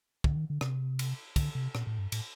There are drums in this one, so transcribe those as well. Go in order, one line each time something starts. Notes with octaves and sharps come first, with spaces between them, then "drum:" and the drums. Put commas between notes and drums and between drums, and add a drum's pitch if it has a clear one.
D3, drum: kick
D#3
D3
C3, drum: rim click
drum: cymbal
D3, drum: kick, cymbal
C3
A#2, drum: rim click
A2
G2
A2, drum: cymbal